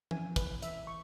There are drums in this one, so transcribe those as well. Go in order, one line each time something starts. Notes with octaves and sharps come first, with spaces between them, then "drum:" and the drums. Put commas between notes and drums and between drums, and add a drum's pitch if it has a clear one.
E3 G#5, drum: tom F3
B4, drum: kick, hi-hat
E5, drum: hi-hat
C#6